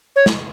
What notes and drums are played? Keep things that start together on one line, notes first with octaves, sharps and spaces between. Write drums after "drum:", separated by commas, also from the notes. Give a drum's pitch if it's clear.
C#5
drum: snare